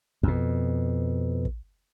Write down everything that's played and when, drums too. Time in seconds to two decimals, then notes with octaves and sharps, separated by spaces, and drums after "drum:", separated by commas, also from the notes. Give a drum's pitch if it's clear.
0.23 F2 B2, drum: kick
1.45 drum: kick